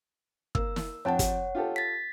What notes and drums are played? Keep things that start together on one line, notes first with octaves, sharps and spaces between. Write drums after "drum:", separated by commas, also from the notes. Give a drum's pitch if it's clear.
A#3 E6, drum: kick
drum: snare
F2 C#5 F#5 G5 A5
drum: kick, hi-hat
F4 G4 A4
A6 B6